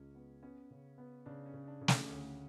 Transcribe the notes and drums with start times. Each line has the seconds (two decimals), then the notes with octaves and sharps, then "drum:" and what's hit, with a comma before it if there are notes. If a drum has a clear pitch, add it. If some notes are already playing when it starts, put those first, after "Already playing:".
Already playing: C#2 C#4
0.15 B3
0.42 B3 C#4
0.70 C#3
0.98 B3
1.26 C#3 D4
1.46 C#4
1.54 C#3
1.68 D4
1.81 C#3
1.88 C#4, drum: snare
2.09 D2 C#4